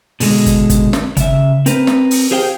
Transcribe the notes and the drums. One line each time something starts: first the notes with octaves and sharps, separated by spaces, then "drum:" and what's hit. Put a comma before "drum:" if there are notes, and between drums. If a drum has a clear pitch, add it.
B2 D3 G#3, drum: open hi-hat
drum: kick, hi-hat
drum: kick, hi-hat
drum: snare
C#3 E5, drum: kick, hi-hat
C4 A#4 B4, drum: hi-hat
drum: snare
drum: open hi-hat
G4 G#4 C5 F5 G5